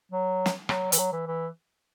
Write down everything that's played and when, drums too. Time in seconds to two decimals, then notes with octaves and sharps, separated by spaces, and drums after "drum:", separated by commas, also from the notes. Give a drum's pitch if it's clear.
0.12 F#3
0.46 drum: snare
0.69 F#3, drum: rim click
0.92 E3, drum: hi-hat
0.98 F#3
1.13 E3
1.28 E3